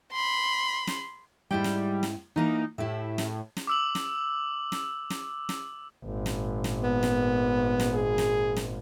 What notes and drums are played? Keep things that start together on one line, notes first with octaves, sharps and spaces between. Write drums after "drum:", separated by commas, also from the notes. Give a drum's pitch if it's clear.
B5 C6
drum: snare
G#2 G3 E4 G5
drum: snare
drum: snare
E3 A#3 D#4 A#4
A2 E4 G4 E5
drum: snare
drum: snare
D6 E6 F#7
drum: snare
drum: snare
drum: snare
drum: snare
G#1 A#2
drum: snare
drum: snare
B3
drum: snare
drum: snare
G#4
drum: snare
drum: snare